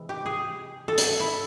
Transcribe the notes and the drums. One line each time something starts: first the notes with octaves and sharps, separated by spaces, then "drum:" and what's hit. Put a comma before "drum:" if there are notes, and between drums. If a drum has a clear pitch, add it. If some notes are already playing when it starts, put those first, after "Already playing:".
Already playing: C3 E3 G#3
G4
G#4
A4
drum: hi-hat
E4